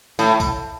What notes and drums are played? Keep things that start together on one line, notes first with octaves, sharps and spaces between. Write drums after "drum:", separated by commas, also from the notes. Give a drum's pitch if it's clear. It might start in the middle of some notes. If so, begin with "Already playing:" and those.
A2, drum: tambourine
drum: kick, tambourine